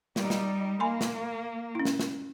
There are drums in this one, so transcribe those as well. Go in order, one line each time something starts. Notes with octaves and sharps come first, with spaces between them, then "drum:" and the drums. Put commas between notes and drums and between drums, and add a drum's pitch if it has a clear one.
G3 D#4, drum: snare
drum: snare
A#3 G#5 B5 C6
drum: snare
C#4 E4
drum: snare
drum: snare